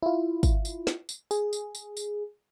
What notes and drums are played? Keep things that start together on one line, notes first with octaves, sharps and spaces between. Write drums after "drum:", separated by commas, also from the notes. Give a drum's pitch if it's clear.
E4 F4
drum: kick, tambourine
drum: tambourine
drum: snare
drum: tambourine
G#4, drum: tambourine
drum: tambourine
drum: tambourine
drum: tambourine